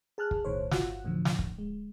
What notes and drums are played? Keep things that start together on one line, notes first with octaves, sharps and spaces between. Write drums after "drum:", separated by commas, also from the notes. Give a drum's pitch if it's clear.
G#4 A5 F6 F#6
drum: kick
B1 A2 D#3 C5 C#5
G1 F4 F#4 F#5 E6 F#6, drum: snare
E2 A2 D3 F3
drum: snare
drum: kick
G#3